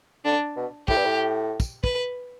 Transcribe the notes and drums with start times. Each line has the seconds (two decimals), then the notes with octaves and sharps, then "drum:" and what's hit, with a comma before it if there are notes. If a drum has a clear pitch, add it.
0.25 D3 D4
0.57 B2
0.88 A2 G4, drum: kick
0.96 G2
1.05 A2
1.60 drum: kick, tambourine
1.84 B4, drum: kick